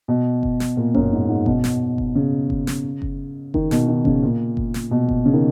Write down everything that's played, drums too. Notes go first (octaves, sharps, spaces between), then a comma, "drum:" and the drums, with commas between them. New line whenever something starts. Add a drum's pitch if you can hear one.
B2
drum: kick F#1
drum: snare
A#2
F#2, drum: kick F#1
G#2
G#2
B2, drum: kick F#1
drum: snare
drum: kick F#1
C#3
drum: kick F#1
drum: snare
drum: kick F#1
D#3, drum: kick F#1
B2, drum: snare
D#3
C#3, drum: kick F#1
A#2
drum: kick F#1
drum: snare
B2
drum: kick F#1
C#3
D#3